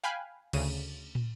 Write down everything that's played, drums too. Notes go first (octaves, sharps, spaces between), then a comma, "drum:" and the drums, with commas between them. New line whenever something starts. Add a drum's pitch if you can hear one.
F5 G5 G#5 B5 F6 F#6
D2 C#3 D#7, drum: cymbal
drum: tom